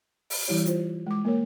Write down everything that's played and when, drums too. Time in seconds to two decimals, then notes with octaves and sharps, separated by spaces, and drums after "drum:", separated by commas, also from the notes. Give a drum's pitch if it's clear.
0.30 drum: open hi-hat
0.48 E3 G3 E4 G4 C#5
0.66 F4 C5, drum: hi-hat
1.07 G#3 D6
1.25 A#3 A#4 C#5